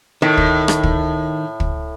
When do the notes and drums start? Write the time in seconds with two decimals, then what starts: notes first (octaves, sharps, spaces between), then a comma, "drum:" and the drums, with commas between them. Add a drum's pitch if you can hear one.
0.22 A2 D#3
0.37 drum: kick
0.68 drum: rim click
0.83 drum: kick
1.60 drum: kick